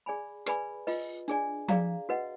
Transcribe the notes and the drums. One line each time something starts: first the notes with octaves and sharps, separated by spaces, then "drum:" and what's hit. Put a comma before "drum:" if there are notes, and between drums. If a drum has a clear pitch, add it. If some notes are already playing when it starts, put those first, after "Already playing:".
G#4 D5 G#5 B5
G#4 B4 D5 G#5 B5, drum: rim click
F4 B4 D#5, drum: open hi-hat
D4 G#4 D5 G#5, drum: hi-hat
G#4 D5 F5 A#5, drum: tom F3
F#4 B4 D#5 F#5